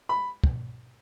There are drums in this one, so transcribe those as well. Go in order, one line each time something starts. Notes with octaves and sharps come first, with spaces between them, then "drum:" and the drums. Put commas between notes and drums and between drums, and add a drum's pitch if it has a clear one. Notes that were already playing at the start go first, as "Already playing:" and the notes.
B5
drum: kick